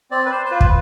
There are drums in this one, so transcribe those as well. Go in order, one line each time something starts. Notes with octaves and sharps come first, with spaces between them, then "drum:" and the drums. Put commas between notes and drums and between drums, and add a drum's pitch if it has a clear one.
C4 D5
B4
C5
C5
F4 B4
drum: kick